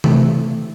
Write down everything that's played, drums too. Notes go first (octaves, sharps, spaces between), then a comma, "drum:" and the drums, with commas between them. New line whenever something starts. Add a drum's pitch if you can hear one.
C3 E3 A3, drum: tom C3